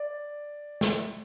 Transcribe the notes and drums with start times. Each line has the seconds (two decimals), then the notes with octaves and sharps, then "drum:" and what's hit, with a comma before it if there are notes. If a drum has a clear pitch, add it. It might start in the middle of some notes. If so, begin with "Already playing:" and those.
Already playing: D5
0.81 drum: snare